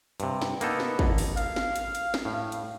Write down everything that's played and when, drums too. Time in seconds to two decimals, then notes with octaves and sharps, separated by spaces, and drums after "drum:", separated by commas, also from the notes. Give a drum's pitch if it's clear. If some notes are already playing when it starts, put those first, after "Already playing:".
0.20 G2 C3, drum: hi-hat
0.42 drum: snare
0.61 A#3 B3 D#4 A4, drum: hi-hat
0.80 drum: snare
0.99 drum: kick
1.18 drum: open hi-hat
1.37 F5, drum: hi-hat
1.56 drum: snare
1.76 drum: hi-hat
1.95 drum: hi-hat
2.14 drum: snare
2.25 A2
2.52 drum: hi-hat